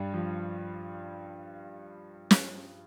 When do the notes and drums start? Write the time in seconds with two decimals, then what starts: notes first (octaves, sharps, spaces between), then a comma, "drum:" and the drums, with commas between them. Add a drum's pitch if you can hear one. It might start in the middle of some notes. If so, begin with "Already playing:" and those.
Already playing: G2 G3
0.13 F3
2.31 drum: snare